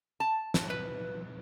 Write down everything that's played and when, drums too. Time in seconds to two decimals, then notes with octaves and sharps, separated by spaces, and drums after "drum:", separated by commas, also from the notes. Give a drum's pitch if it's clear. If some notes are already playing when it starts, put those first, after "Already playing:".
0.20 A5
0.54 drum: snare
0.70 B4